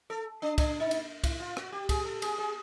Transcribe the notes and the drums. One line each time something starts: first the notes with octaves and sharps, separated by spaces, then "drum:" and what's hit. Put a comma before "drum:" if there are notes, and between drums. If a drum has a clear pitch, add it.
A4
D4
D4, drum: kick, cymbal
D#4
drum: cymbal
E4, drum: kick, cymbal
F4
F#4, drum: rim click
G4
G#4, drum: kick, cymbal
A4
G#4, drum: cymbal
G#4